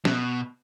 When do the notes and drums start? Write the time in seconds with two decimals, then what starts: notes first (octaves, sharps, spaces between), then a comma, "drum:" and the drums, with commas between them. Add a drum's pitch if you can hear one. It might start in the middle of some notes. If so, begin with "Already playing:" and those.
0.05 B2, drum: snare